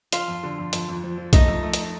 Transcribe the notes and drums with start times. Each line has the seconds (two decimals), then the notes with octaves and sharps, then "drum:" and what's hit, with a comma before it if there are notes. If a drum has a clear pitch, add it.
0.12 F3 F4, drum: hi-hat
0.28 F2
0.43 D3
0.58 F2
0.73 F2, drum: hi-hat
0.89 F2
1.04 F3
1.18 F3
1.33 A3 D#4, drum: kick B1, hi-hat
1.48 F2
1.63 A3
1.74 drum: hi-hat